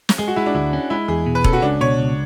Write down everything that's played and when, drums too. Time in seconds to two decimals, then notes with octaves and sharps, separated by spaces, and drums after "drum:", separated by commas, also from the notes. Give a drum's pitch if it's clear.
0.09 drum: snare
0.18 G#3 G#4
0.28 F#4
0.36 G#3 E4
0.46 D4
0.55 D2 E4
0.73 C#4
0.90 G#3 E4
1.08 E2 G#4
1.26 B2
1.35 B4
1.44 C#4 A4, drum: kick E1
1.53 F#4
1.62 C#2 D4
1.81 B2 C#5
1.99 C#2